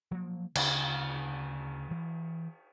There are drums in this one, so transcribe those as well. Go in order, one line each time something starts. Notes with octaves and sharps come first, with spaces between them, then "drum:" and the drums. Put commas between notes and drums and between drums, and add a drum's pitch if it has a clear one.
F3 F#3 A#3
D2 C#3, drum: cymbal
E3